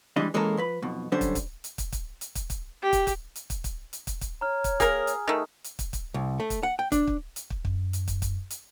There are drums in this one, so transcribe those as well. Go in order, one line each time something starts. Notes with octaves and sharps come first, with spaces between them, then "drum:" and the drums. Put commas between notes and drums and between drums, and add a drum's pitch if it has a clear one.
E3 G3 G#3 D4 D#5
E3 G#3 A#3 C#4 A4 A#4
F3 B4 B5
B1 F2 B2
D3 F#3 G3 C#4 D4 C5
drum: kick, hi-hat
drum: kick, hi-hat
drum: hi-hat
drum: kick, hi-hat
drum: kick, hi-hat
drum: hi-hat
drum: kick, hi-hat
drum: kick, hi-hat
G4
drum: kick, hi-hat
drum: kick, hi-hat
drum: hi-hat
drum: kick, hi-hat
drum: kick, hi-hat
drum: hi-hat
drum: kick, hi-hat
drum: kick, hi-hat
C#5 A#5 F6
drum: kick, hi-hat
A#3 G#4 A#4, drum: kick, hi-hat
drum: hi-hat
D#3 A3
drum: hi-hat
drum: kick, hi-hat
drum: kick, hi-hat
C2
A3
drum: kick, hi-hat
F#5
G5
D4, drum: kick, hi-hat
drum: kick
drum: hi-hat
drum: kick
F#2, drum: kick
drum: hi-hat
drum: kick, hi-hat
drum: kick, hi-hat
drum: hi-hat